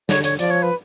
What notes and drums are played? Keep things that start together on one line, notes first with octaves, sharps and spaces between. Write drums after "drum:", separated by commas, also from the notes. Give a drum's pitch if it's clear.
D3 C#5, drum: snare
C#5, drum: hi-hat
F3 D5, drum: hi-hat
C#5
B4